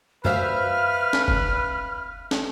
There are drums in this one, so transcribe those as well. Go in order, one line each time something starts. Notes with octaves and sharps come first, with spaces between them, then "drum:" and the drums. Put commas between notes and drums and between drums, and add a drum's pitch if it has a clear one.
F#2 B4 C5 E5 F5 F6
drum: snare
drum: kick
drum: snare